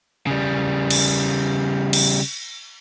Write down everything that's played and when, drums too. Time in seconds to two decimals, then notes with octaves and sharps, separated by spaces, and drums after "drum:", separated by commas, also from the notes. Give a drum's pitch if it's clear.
0.27 C#3 G3
0.90 drum: cymbal
1.93 drum: cymbal